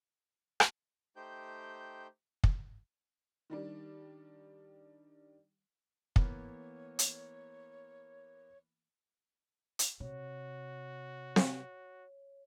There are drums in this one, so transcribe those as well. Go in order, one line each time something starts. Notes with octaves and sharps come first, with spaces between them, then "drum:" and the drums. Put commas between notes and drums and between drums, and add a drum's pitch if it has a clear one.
drum: rim click
A3 D#4 G4 C5 G5 G6
drum: kick
D#3 G3 D4
E3 A#3 B3 C#5, drum: kick
drum: hi-hat
drum: hi-hat
C3 F#4 C#5
drum: snare C4